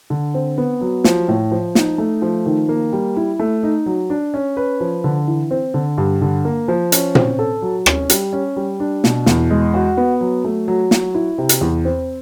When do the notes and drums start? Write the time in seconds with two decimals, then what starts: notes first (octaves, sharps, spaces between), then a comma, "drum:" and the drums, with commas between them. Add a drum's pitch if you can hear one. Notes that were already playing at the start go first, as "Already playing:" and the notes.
0.10 D3
0.34 C4
0.58 B3
0.81 F#3
1.04 F3, drum: snare
1.28 A2
1.51 F3
1.75 D#4, drum: snare
1.98 A3
2.22 F3
2.46 D#3
2.69 A#3
2.93 G3
3.16 E4
3.39 A3
3.63 D#4
3.86 F#3
4.10 D4
4.34 C#4
4.57 B4
4.81 F3
5.04 D3
5.27 E3
5.51 C4
5.74 D3
5.98 G2
6.21 D3
6.45 A#3
6.68 F3
6.92 C#4, drum: hi-hat
7.15 C4, drum: tom A#2
7.39 A4
7.62 F#3
7.86 C#4, drum: rim click
8.10 G3, drum: hi-hat
8.33 C#4
8.56 G3
8.80 D4
9.04 B2, drum: snare
9.26 E2, drum: snare
9.51 G#3
9.74 F#4
9.97 B3
10.21 F#3
10.44 A3
10.68 F#3
10.91 F#3, drum: snare
11.14 E4
11.38 C3
11.49 drum: hi-hat
11.61 E2
11.85 C4